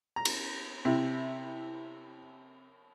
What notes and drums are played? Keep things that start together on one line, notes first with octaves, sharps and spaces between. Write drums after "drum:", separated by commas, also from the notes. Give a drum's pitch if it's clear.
A#5
drum: cymbal
C3 E4